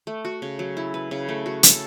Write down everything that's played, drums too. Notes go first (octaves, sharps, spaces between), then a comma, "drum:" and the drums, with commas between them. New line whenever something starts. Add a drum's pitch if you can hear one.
A3
F#4
C#3
F#3
E4
B4
C#3
A3
F#4
A4, drum: hi-hat